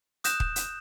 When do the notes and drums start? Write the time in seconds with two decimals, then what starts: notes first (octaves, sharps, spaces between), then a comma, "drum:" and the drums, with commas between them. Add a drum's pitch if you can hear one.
0.24 D#6 F#6 G6 A#6 E7, drum: hi-hat
0.40 drum: kick
0.56 drum: hi-hat